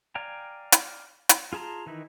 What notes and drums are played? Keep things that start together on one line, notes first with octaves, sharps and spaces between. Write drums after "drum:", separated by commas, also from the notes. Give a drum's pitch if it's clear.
D5 F5 G5 G#5 A#5
drum: hi-hat
drum: hi-hat
F4 G#4 A5 A#5 C6
D#3 E3 D#4 E4